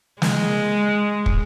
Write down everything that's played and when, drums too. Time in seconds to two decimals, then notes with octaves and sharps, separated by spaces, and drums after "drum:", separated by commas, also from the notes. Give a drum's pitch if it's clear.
0.22 G#3, drum: snare
1.26 drum: kick